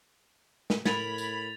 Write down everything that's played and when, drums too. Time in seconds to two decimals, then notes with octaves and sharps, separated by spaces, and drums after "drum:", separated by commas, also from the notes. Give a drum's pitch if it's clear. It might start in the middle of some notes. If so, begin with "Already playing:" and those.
0.70 drum: snare
0.85 A2 A#4 B5 G#6 A6 F7, drum: snare
1.18 drum: tambourine